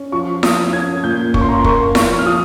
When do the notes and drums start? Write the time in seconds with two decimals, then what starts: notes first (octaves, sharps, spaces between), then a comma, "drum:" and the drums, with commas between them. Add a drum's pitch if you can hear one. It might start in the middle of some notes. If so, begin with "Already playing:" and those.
Already playing: C#4
0.12 F3 C#6
0.43 F3 D#6, drum: snare E4
0.73 C#4 G#6
1.04 A#2 G6
1.34 C#4 C#6, drum: kick
1.41 C6
1.49 A#5
1.56 C6
1.64 A#3 C#6, drum: kick
1.95 F3 C#6, drum: snare E4
2.19 F6
2.26 F3 D#6